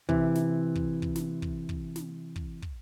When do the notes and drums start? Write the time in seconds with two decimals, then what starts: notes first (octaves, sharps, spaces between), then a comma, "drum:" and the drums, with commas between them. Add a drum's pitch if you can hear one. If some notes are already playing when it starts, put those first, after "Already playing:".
0.09 C3 E3, drum: kick
0.35 drum: snare
0.75 drum: kick
1.02 drum: kick
1.16 drum: snare
1.42 drum: kick
1.69 drum: kick
1.96 drum: snare
2.36 drum: kick
2.62 drum: kick